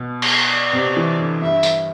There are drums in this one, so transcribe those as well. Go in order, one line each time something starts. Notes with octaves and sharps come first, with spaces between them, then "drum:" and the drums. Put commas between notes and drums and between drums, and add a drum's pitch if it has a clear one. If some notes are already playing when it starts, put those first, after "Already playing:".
Already playing: B2
drum: cymbal
D5
C3
E3
D3
G2 E5
drum: tambourine